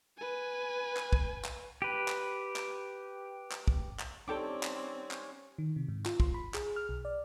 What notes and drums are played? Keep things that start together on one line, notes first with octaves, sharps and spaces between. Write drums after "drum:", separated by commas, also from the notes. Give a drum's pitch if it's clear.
B4 G#5
drum: clap
drum: kick
drum: clap
G4 B4
drum: clap
drum: clap
drum: clap
drum: kick
drum: clap
C4 C#4 D#4 G4 A4 D5 G5 D6
drum: clap
drum: clap
D#3
C3
G#2
F4, drum: clap
C6, drum: kick
B5
G#4, drum: clap
F6
B1
D5